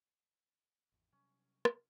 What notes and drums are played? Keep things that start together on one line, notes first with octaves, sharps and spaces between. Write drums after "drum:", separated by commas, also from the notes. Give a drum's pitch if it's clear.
G#1 E2
C3 F#3 G3 C#4
drum: rim click